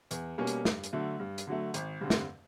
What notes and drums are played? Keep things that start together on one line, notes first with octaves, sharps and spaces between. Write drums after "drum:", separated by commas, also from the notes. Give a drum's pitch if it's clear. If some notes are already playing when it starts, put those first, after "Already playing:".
E2, drum: hi-hat
B2 G3 A#3 C#4
drum: hi-hat
G2, drum: snare
drum: hi-hat
D3 F#3 A3
G2
drum: hi-hat
D3 F#3 A3
G#1, drum: hi-hat
G2 D3 G3 C4
drum: snare